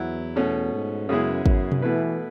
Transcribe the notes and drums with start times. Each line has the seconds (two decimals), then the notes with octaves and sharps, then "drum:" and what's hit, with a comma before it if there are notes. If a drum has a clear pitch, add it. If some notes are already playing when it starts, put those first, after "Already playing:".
Already playing: E2 F#3 B3 E4
0.36 B2 A3 C#4
0.73 G#2
1.09 F#2 C#3 G#3 B3 E4 G#4
1.46 F#2, drum: kick G#1
1.72 drum: tom B2
1.82 B2 E3 A3 E4 B4